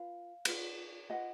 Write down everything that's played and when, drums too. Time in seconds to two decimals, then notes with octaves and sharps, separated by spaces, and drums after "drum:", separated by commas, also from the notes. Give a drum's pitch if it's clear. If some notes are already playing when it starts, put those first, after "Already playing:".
Already playing: F4 B4 F5
0.45 F4 B4, drum: cymbal
1.10 F4 B4 D#5 F#5